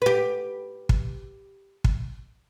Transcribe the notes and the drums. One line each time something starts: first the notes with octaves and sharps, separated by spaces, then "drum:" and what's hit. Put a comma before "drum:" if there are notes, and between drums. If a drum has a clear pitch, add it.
G4 B4
drum: kick
drum: kick